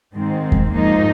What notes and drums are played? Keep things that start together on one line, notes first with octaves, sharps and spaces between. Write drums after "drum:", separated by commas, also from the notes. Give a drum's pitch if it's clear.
G#2 D#3 G#3 C4
drum: kick E2
G#2 F3 A#3 D#4